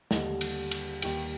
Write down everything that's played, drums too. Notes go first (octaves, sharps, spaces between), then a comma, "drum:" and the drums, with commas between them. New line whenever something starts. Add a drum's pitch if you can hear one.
D#2 D3 G3 D#5, drum: snare
drum: cymbal
drum: cymbal
D#2 D#3 G3 G5, drum: cymbal